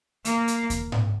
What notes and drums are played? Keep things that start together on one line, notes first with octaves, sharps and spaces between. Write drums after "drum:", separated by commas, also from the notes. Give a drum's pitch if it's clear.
A#3, drum: hi-hat
drum: hi-hat
drum: kick D#2, hi-hat
drum: tom G#2